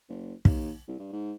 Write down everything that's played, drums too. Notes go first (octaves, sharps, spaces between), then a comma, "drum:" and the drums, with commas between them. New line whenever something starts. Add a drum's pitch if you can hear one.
F#1
D#2, drum: kick
C2
G2
G#2